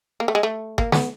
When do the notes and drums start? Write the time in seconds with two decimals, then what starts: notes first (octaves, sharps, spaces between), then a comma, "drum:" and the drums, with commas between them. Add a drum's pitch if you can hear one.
0.20 A#3
0.28 A3
0.35 G#3
0.43 A3
0.78 A#3, drum: kick G1
0.92 B3, drum: snare